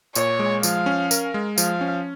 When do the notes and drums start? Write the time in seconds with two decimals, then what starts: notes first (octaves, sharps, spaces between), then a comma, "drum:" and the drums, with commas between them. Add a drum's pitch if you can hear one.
0.15 A#2 C#5, drum: tambourine
0.39 G#3
0.63 F3 F5, drum: tambourine
0.86 C#4
1.11 A#4, drum: tambourine
1.34 G#3
1.58 F3 F5, drum: tambourine
1.81 C#4